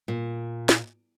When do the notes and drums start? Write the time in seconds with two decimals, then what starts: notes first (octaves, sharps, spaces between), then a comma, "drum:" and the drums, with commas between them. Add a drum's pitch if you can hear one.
0.08 A#2
0.69 drum: snare